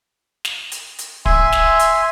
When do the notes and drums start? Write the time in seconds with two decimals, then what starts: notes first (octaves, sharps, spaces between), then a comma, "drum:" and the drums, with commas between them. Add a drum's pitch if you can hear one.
0.45 drum: snare
0.72 drum: hi-hat
0.99 drum: hi-hat
1.26 E5 G#5 C6, drum: kick
1.52 drum: snare
1.79 drum: hi-hat